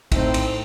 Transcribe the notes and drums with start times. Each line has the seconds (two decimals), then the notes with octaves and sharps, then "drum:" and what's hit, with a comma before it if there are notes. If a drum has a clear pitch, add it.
0.12 A2 A3 C4 D#4, drum: kick, cymbal
0.34 drum: cymbal